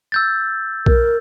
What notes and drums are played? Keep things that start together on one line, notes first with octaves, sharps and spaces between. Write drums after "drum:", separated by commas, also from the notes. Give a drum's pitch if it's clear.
E6 G6 A6
A#4, drum: kick B1